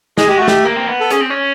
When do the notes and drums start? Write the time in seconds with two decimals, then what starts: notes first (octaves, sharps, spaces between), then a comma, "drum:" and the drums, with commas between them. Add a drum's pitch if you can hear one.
0.18 G#3 G#4, drum: snare
0.28 G#3 G4
0.37 A3 F#4
0.48 G4, drum: snare
0.64 A#3
0.76 C4
0.87 B3
1.00 A4
1.11 C#4 G#4, drum: hi-hat
1.21 C4
1.30 C#4